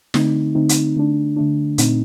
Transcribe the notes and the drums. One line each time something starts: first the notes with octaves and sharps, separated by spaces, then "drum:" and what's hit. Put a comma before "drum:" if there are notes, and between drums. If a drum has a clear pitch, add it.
D3 A3 C4 D#4, drum: snare
D3 A3 C4 D#4
drum: hi-hat
D3 A3 D4
D3 A3 D4
A#2 A3 C4 D#4, drum: hi-hat